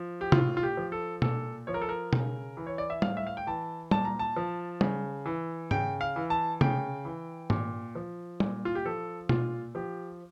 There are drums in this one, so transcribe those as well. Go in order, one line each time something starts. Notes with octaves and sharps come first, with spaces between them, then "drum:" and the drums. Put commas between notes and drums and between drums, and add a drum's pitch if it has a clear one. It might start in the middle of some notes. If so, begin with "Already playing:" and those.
Already playing: F3
G4
A2 F4, drum: tom C3
F4
G4
F3
A4
A#2 A4, drum: tom B2
F3 C#5
A#4
A4
A#4
C#3, drum: tom B2
E3
C#5
D5
E5
A2 F5, drum: tom G3
E5
F5
G5
E3 A5
A#2 A5, drum: tom G3
A#5
A5
F3
C#3, drum: tom G3
E3
C#3 G5, drum: tom G#2
F5
E3
A5
C#3 G5, drum: tom C3
E3
A#2, drum: tom G#2
F3
A#2, drum: tom G3
F4
G4
F3 A4
A#2 F4, drum: tom B2
F3 G4